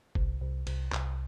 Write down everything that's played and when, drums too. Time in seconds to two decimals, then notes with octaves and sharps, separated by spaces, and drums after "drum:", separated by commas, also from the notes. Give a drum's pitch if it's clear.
0.15 C2, drum: kick G1
0.41 C2
0.67 C2, drum: cymbal
0.92 C2, drum: clap